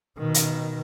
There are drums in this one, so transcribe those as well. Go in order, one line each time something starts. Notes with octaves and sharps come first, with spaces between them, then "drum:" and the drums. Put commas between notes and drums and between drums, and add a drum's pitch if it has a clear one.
B2 D#3
drum: hi-hat